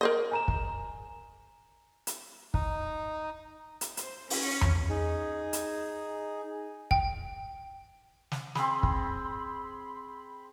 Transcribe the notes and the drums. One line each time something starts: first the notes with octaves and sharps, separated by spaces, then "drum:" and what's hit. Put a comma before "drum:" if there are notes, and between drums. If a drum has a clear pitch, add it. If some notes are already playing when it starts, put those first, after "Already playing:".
A#4 C5 D#5
G#5 A#5 E7
drum: kick
drum: hi-hat
D#4, drum: kick
drum: hi-hat
C5, drum: hi-hat
C#4, drum: open hi-hat
drum: tom E2
D#4 G#4
drum: hi-hat
G5, drum: kick
drum: snare
C4 G#4 B5 C6, drum: snare
drum: kick